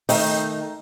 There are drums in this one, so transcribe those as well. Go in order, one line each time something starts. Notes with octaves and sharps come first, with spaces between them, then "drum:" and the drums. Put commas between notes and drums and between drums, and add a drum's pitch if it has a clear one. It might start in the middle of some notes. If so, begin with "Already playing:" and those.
D#3 A3 D#4 G5, drum: open hi-hat